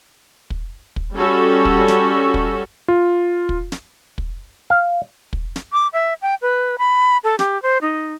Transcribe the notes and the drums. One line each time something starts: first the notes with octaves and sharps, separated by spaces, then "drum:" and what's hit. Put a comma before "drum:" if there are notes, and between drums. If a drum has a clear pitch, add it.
drum: kick
drum: kick
G3 C#4 F#4 A4
drum: kick
drum: snare
drum: kick
F4
drum: kick
drum: snare
drum: kick
F5
drum: kick
drum: snare
D6
E5
G5
B4
B5
A4
G4, drum: snare
C5
D#4